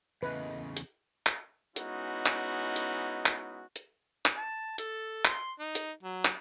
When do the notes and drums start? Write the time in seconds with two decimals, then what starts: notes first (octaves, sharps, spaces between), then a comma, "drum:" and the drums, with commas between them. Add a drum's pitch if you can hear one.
0.23 E2 C#3 A3 A#3 B4 D#5
0.77 drum: hi-hat
1.26 drum: clap
1.76 G#3 B3 C#4 D#4 E4 F#4, drum: hi-hat
2.26 drum: clap
2.76 drum: hi-hat
3.26 drum: clap
3.76 drum: hi-hat
4.26 drum: clap
4.37 A5
4.78 A4, drum: hi-hat
5.25 C6, drum: clap
5.59 D#4
5.75 drum: hi-hat
6.03 F#3
6.25 drum: clap